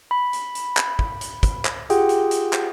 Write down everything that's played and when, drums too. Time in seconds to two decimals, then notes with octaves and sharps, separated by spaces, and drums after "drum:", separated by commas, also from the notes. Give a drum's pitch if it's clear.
0.11 B5
0.33 drum: hi-hat
0.55 drum: hi-hat
0.77 drum: clap
0.99 drum: kick
1.21 drum: hi-hat
1.43 drum: kick, hi-hat
1.65 drum: clap
1.90 F4 G4 G#4 F#5 G5, drum: hi-hat
2.09 drum: hi-hat
2.31 drum: hi-hat
2.53 drum: clap